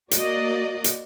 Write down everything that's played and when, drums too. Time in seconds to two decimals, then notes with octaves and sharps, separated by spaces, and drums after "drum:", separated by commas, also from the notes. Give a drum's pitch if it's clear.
0.11 A#3 F#4 D5 D#5, drum: hi-hat
0.84 drum: hi-hat